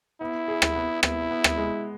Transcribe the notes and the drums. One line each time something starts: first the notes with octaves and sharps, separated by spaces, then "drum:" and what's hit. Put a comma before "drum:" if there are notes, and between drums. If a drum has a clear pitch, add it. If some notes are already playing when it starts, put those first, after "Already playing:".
B3 E4
G#4
drum: rim click
B3
B3 E4, drum: rim click
B3
drum: rim click
G#3